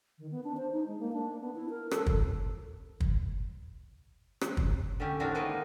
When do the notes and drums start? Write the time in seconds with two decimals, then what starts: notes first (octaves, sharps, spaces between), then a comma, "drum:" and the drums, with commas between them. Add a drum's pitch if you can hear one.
0.18 D#3
0.31 B3
0.44 D4
0.57 C5
0.72 D#4
0.87 G#3
1.00 A#3
1.13 D4
1.41 B3
1.55 E4
1.69 A#4
1.91 A4, drum: rim click
2.06 drum: kick
3.00 drum: kick
4.41 drum: rim click
4.57 drum: kick
5.00 D3 C#4 G4
5.20 A2 D#3 C4 D4 F#4 A#4
5.35 G#3 A#3 B3 D#4 D#5 F5